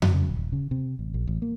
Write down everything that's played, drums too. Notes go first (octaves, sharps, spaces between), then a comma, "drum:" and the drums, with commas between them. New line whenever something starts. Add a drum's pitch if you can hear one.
F#3, drum: tom F2
C#3
D#1
C#3
C3
A1
A#1
A1
A#3